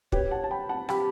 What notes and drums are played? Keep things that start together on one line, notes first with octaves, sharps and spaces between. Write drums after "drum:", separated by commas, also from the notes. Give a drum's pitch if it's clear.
G4 B4 C#5, drum: kick
F#5 A5
A5
G5 B5
F#5 A5
G4 G5 B5, drum: rim click